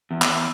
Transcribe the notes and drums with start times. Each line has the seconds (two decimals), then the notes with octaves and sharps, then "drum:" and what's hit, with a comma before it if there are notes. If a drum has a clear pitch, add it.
0.11 E2
0.22 drum: clap